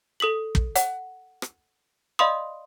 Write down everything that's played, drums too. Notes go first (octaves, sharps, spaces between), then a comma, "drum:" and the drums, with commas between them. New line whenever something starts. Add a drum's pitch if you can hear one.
A4 D#6 B6 F#7
drum: kick
F#5, drum: hi-hat
drum: rim click
D5 D#5 F5 B5 C6 D#6